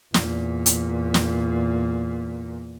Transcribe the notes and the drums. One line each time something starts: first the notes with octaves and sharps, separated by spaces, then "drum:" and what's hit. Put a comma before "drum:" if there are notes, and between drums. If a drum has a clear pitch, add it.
E2 A#2, drum: snare
drum: hi-hat
drum: snare